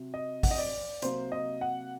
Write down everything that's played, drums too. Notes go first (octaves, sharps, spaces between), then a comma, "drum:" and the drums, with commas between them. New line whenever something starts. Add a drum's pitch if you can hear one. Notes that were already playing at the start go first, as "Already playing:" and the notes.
Already playing: C3 F#3
D#5
F#5, drum: kick, open hi-hat
D#5
D5
C3 F#3 A#3 C5, drum: hi-hat
D#5
F#5